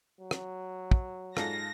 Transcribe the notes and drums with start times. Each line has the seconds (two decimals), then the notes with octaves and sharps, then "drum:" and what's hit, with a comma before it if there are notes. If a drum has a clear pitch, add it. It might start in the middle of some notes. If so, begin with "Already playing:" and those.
0.21 F#3
0.31 drum: rim click
0.91 drum: kick
1.37 G#2 F4 A4 A#6, drum: rim click